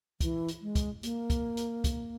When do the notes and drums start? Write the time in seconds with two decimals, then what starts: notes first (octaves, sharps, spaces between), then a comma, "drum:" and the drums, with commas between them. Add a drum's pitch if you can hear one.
0.20 E3, drum: kick, hi-hat
0.48 drum: hi-hat
0.62 G#3
0.75 drum: kick, hi-hat
1.03 A#3, drum: hi-hat
1.30 drum: kick, hi-hat
1.57 drum: hi-hat
1.84 drum: kick, hi-hat